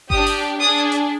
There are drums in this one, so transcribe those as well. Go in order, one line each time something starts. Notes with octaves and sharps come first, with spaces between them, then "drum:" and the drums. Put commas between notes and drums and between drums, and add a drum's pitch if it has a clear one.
D4 G4 D#6, drum: kick G1
drum: open hi-hat
D4 G#4 D#6
drum: hi-hat